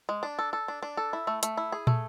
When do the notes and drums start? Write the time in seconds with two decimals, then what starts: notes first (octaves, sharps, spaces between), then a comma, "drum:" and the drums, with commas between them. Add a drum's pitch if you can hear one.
0.09 G#3
0.23 D4
0.39 A4
0.53 A4
0.68 D4
0.83 D4
0.97 A4
1.13 E4
1.27 A3
1.43 A3, drum: hi-hat
1.57 E4
1.72 G#4
1.87 A3, drum: tom